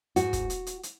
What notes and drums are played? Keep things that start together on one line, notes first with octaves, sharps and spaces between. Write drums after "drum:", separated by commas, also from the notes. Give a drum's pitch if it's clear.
G#2 F#4, drum: hi-hat
drum: kick, hi-hat
drum: hi-hat
drum: hi-hat
drum: hi-hat